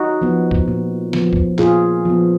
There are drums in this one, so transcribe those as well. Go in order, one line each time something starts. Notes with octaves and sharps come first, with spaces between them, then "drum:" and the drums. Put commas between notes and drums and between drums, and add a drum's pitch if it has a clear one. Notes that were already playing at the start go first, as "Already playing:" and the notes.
Already playing: D#4 F#4
F3 B3
drum: kick
A#2
F3 B3, drum: snare
drum: kick
A#2 F4 G#4, drum: clap
F3 B3